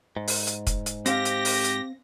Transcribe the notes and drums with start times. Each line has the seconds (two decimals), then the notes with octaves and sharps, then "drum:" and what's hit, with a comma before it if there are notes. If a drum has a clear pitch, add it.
0.16 G#2
0.28 drum: open hi-hat
0.47 drum: hi-hat
0.67 drum: kick, hi-hat
0.86 drum: hi-hat
1.06 C4 G4 F5 A#6, drum: hi-hat
1.25 drum: hi-hat
1.45 drum: open hi-hat
1.64 drum: hi-hat